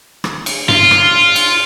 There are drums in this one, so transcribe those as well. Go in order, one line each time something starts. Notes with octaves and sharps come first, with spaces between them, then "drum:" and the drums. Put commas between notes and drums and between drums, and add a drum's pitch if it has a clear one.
drum: rim click
drum: cymbal
F4, drum: tom G2
drum: rim click
drum: cymbal